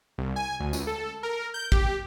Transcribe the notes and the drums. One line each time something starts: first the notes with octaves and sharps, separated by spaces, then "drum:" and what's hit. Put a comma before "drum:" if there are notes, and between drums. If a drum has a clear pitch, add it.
C2
G#5
D2
C#2, drum: tambourine
A4
A#4
G6
G4, drum: kick